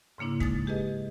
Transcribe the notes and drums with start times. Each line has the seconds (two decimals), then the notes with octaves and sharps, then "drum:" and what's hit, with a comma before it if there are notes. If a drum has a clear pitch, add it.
0.18 G#2 C#3 A#3 D4 E4
0.40 G#3 D#4 D#6 A6, drum: kick
0.67 G4 G#4 B4 D#5